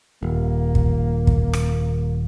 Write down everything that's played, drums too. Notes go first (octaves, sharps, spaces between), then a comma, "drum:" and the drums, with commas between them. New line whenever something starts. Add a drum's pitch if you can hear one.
D#1 A#3
drum: kick
drum: kick
drum: rim click